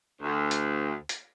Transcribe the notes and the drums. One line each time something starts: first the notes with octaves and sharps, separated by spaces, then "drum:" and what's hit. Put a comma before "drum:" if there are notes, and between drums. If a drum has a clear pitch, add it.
D2
drum: hi-hat
drum: hi-hat